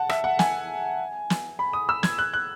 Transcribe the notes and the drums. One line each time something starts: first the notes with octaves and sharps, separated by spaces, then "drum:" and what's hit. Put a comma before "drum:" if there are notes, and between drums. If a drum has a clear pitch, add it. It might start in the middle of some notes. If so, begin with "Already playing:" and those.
Already playing: F#5 A5
E5, drum: rim click
F#5
G#5, drum: snare
drum: snare
B5
D#6
E6
G#6, drum: snare
F#6
F#6